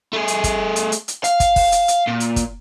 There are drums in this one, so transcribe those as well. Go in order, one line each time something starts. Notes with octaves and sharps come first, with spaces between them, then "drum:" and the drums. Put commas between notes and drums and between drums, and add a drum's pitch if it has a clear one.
A3 G#4
drum: hi-hat
drum: kick, hi-hat
drum: hi-hat
drum: hi-hat
drum: hi-hat
F5, drum: hi-hat
drum: kick, hi-hat
drum: kick, open hi-hat
drum: hi-hat
drum: hi-hat
A#2
drum: hi-hat
drum: kick, hi-hat